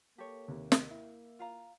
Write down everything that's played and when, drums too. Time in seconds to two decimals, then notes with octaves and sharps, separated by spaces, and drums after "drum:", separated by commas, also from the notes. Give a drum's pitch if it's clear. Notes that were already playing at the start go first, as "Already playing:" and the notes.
0.18 A#3 G4 A4 C#5
0.48 D#2 C3
0.72 drum: snare
0.91 E4
1.39 F4 F5 A#5